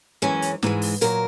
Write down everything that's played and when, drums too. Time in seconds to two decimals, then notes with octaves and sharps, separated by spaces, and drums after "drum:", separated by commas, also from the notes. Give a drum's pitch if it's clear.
0.22 F#2 E3 G#3 C#4
0.42 drum: hi-hat
0.63 G#2 E3 G#3, drum: snare
0.82 drum: open hi-hat
1.01 A#2 F#3 A#4, drum: hi-hat